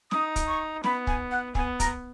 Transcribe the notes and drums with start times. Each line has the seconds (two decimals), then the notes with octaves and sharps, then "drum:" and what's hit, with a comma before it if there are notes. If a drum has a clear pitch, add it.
0.11 D#4 D#6, drum: snare
0.36 drum: kick, hi-hat
0.48 C#6
0.84 B3 B5, drum: snare
1.07 G#5, drum: kick
1.31 F#5
1.55 B3 G#5, drum: kick
1.80 A#5, drum: kick, hi-hat